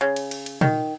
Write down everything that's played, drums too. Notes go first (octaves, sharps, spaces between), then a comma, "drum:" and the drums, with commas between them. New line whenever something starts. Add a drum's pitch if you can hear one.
C#3
drum: cymbal
drum: cymbal
drum: cymbal
D#3, drum: tom A#2